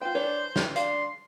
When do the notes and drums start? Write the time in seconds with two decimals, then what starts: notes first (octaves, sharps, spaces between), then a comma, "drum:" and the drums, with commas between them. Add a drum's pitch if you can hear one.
0.01 B3 F4 C5 G5
0.15 E3 D4 B4 C#5
0.56 E3 G4, drum: snare
0.76 D4 F5 C6, drum: hi-hat